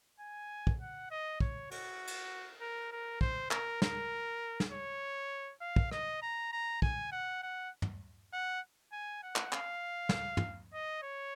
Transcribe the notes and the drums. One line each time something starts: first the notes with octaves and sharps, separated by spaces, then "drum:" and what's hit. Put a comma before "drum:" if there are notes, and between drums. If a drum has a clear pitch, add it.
G#5
drum: kick
F#5
D#5
C#5, drum: kick
F#4, drum: cymbal
drum: cymbal
A#4
A#4
C5, drum: kick
A#4, drum: clap
A#4, drum: snare
drum: snare
C#5
F5
drum: kick
D#5, drum: rim click
A#5
A#5
G#5, drum: kick
F#5
F#5
drum: tom
F#5
G#5
F#5
drum: clap
F5, drum: clap
drum: snare
drum: tom
D#5
C#5